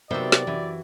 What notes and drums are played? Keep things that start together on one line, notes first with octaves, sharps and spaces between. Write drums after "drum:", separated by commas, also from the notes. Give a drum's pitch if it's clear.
C3 D#3 F#3 B3 C5 D5 E5
drum: snare
F#2 E3 E4